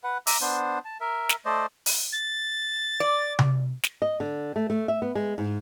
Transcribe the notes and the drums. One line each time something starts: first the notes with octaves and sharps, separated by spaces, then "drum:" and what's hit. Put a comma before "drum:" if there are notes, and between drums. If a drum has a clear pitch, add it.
B4 F#5
E5 A#5 D6 E6, drum: open hi-hat
B3 D4 C5
A5
A#4 E5
drum: snare
A3 C5 D5 D#5
drum: open hi-hat
A6
D5
drum: tom C3
drum: snare
D#5
D3
A3
A3
E5
B3
G#3
G#2